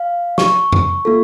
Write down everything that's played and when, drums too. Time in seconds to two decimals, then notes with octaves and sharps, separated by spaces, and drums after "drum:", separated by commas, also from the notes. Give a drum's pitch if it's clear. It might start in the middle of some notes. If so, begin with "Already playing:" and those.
Already playing: F5
0.38 C#6, drum: snare
0.72 drum: tom F2
1.05 A#3 F4 A4